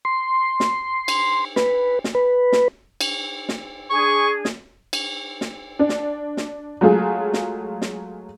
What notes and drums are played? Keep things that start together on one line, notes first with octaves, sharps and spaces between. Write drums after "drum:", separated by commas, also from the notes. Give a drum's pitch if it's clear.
C6
drum: snare
drum: cymbal
B4, drum: snare
drum: snare
B4
drum: snare
drum: cymbal
drum: snare
D4 G#4 C#6
drum: snare
drum: cymbal
drum: snare
D4
drum: snare
drum: snare
F#3 G#3 A3 F4 G#4
drum: snare
drum: snare